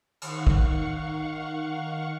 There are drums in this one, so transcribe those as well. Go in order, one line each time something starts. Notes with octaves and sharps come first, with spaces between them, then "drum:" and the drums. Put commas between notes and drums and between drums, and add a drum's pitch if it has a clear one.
D#3 F5 F#5 C#6, drum: cymbal
drum: kick